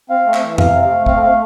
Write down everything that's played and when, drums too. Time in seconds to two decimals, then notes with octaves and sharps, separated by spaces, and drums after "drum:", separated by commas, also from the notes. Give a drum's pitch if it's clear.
0.10 C4 F5
0.26 A3
0.34 E5, drum: clap
0.42 E3
0.58 C3 F5, drum: tom F2
0.74 C4
0.82 F5
0.90 A3
1.06 C4 F5, drum: kick
1.22 A3 F5